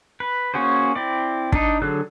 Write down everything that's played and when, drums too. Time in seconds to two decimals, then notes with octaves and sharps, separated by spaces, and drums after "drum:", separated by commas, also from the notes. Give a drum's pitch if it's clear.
0.20 B4
0.54 A#3 C#4 F#4 G#4 C5
0.95 C4 E4 D5
1.52 D4 D#4, drum: kick
1.82 D3 F#3 G#4 A4 F#6